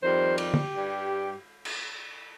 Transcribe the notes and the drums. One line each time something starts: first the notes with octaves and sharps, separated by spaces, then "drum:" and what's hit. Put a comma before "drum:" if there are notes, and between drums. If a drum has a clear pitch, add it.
F2 D#3 G3 C5
G4, drum: cymbal
drum: tom
G2 G3
drum: cymbal